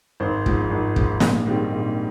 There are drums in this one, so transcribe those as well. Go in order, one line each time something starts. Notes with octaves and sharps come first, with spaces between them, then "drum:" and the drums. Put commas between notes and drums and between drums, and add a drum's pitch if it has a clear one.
G#1 C5
G#2 F3, drum: kick
G#1
G#2 F3, drum: kick
A#1, drum: snare
G#2 D#3 G3 C4
A#1